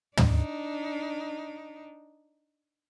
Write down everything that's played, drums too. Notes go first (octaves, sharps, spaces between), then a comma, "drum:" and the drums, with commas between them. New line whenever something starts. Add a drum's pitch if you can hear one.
D4 D#4, drum: tom